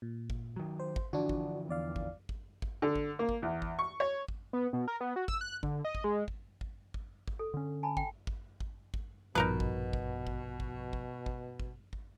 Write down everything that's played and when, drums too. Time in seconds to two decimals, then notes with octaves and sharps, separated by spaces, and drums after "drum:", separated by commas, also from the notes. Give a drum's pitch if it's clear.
0.02 A#2
0.30 drum: kick G#1
0.56 D#3 F#3
0.80 C5
0.96 drum: kick G#1
1.13 D3 E3 F3 D4 F#4
1.29 drum: kick G#1
1.69 E2 D5 F5
1.96 drum: kick G#1
2.29 drum: kick G#1
2.62 drum: kick G#1
2.82 D3
2.96 drum: kick G#1
3.19 A#3
3.29 drum: kick G#1
3.42 E2
3.62 drum: kick G#1
3.79 C#6
4.00 C#5
4.28 drum: kick G#1
4.53 B3
4.73 B2
4.88 A#4
5.01 B3
5.16 F#4
5.28 E6, drum: kick G#1
5.41 F#6
5.63 D3, drum: kick G#1
5.85 D#5
5.95 drum: kick G#1
6.04 G#3
6.28 drum: kick G#1
6.61 drum: kick G#1
6.94 drum: kick G#1
7.28 drum: kick G#1
7.39 A4
7.54 D3 C#4
7.83 G#5 A5 B5
7.97 G5, drum: kick G#1
8.27 drum: kick G#1
8.60 drum: kick G#1
8.94 drum: kick G#1
9.35 A#1 G2 B2 F3 D#4 A#4 B4
9.60 drum: kick G#1
9.93 drum: kick G#1
10.27 drum: kick G#1
10.60 drum: kick G#1
10.93 drum: kick G#1
11.26 drum: kick G#1
11.60 drum: kick G#1
11.93 drum: kick G#1